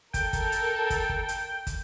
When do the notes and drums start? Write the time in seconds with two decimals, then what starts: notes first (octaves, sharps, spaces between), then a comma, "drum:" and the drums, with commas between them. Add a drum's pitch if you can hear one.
0.14 A4 A#4 G5, drum: kick, hi-hat
0.33 drum: kick, hi-hat
0.52 drum: hi-hat
0.90 drum: kick, hi-hat
1.09 drum: kick
1.29 drum: hi-hat
1.67 drum: kick, hi-hat